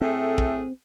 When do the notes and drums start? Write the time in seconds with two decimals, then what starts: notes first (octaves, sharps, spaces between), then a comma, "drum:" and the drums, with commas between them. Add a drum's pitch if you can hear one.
0.01 A2 A3 C4 G#4
0.38 drum: kick